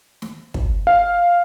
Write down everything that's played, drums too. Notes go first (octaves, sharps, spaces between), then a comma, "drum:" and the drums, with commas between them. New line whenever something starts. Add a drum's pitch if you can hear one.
drum: snare
drum: kick
F5